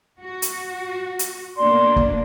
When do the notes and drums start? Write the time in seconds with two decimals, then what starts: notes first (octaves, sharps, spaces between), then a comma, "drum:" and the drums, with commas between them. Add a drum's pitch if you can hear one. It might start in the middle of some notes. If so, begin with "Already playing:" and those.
0.20 F#4
0.42 drum: hi-hat
1.19 drum: hi-hat
1.58 B2 A#3 D4 D5 C6
1.96 drum: kick